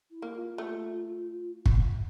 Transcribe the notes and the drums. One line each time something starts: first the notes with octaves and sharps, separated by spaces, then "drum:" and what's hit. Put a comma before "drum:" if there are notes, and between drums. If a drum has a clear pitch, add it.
E4
A#3
F4
A3
drum: kick